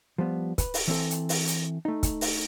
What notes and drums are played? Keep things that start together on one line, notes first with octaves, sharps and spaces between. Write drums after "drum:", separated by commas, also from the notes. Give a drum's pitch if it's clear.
F3 G3 B3
B4, drum: kick, hi-hat
drum: open hi-hat
E3 C4 A4
drum: hi-hat
drum: open hi-hat
drum: hi-hat
A3 D#4
drum: kick, hi-hat
drum: open hi-hat